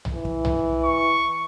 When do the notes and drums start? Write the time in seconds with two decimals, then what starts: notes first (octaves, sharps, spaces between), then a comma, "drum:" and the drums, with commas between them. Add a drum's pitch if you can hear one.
0.05 drum: tom B1
0.14 E3
0.25 drum: kick
0.45 drum: tom B1
0.84 C#6